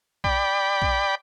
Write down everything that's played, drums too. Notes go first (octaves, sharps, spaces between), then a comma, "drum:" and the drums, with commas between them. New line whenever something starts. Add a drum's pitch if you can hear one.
D5 G5 B5, drum: kick
drum: kick